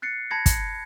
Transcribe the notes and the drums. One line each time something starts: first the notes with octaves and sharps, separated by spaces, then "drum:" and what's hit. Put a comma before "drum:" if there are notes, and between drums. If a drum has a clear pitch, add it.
F#6 A6 C7 C#7
A5 B5 G#6 A#6 C#7
drum: kick, hi-hat